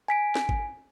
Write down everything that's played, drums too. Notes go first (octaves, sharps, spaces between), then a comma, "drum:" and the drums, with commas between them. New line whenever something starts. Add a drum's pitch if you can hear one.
G#5 B6 D7
drum: snare
drum: kick